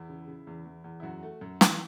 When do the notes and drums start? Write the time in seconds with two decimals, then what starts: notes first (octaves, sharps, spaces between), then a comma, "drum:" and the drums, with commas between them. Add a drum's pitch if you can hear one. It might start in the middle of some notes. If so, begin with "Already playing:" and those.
Already playing: E2 E4
0.09 C#3
0.28 C#3
0.47 E2
0.65 E2
0.84 E2
1.00 E4
1.03 F#2 F#4
1.23 A3
1.41 F#2
1.61 E3, drum: snare